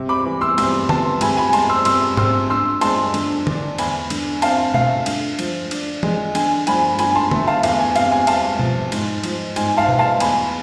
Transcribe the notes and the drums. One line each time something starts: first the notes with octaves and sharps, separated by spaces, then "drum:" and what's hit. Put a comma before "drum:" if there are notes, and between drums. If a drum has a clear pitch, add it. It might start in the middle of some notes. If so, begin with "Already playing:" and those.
Already playing: C3
B5 D6
E3
C6 E6
C3 C6 E6, drum: cymbal
B3 A5 C6, drum: tom D3
C3 G#5 B5, drum: cymbal
G#5 B5
G#3 A5 C6, drum: cymbal
C6 E6
C3 C6 E6, drum: cymbal
C4 C6 E6, drum: tom G#2
D3 C6 E6
G#3 A5 C6, drum: cymbal
D3, drum: cymbal
D4, drum: tom D3
E2 G#5 B5, drum: cymbal
D3, drum: cymbal
C4 F5 A5, drum: cymbal
A3 F5, drum: tom B2
D3, drum: cymbal
F3, drum: cymbal
D4, drum: cymbal
G#3, drum: tom E3
D3 G#5, drum: cymbal
F3 G#5 B5, drum: cymbal
D3 G#5 B5, drum: cymbal
A5 C6
A3, drum: tom D3
F5 A5
E2 F5, drum: cymbal
G#5
C3 F5, drum: cymbal
G#5
E2 F5 A5, drum: cymbal
F3, drum: tom B2
G#2, drum: cymbal
F3, drum: cymbal
G#2 G#5, drum: cymbal
F5 A5
B3, drum: tom B2
F5 A5
E2 G#5 B5, drum: cymbal